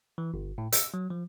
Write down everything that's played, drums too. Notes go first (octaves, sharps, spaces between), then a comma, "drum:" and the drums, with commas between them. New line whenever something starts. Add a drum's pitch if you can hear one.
E3
G1
A2
E6, drum: hi-hat
F#3
F3